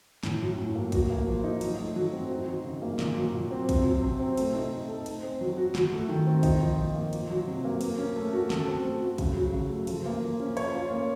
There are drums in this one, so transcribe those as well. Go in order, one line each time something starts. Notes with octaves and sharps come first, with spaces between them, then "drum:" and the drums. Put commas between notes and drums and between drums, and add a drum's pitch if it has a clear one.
A2, drum: snare
F#3
A2
A#3
F#4, drum: kick, cymbal
A#3
F3
D#4
F#3, drum: cymbal
A3
F#3
C4
D#4
F#3
C#3
A#3
A#2, drum: snare
F#3
A#2
C4
C3, drum: kick, cymbal
F#3
C3
C4
A3, drum: cymbal
D#4
A3
A4
C5, drum: cymbal
C4
F#3
F#4
F#4, drum: snare
A3
D#3
C4
D#4, drum: kick, cymbal
F3
A#2
A#3
F4, drum: cymbal
F#3
C3
A#3
A#4, drum: cymbal
C#4
A3
F#4
A4, drum: snare
C4
A3
F#4
C#3, drum: kick, cymbal
F#3
C#3
A3
F3, drum: cymbal
A#3
F3
C#4
C#5, drum: cymbal
F4
A#3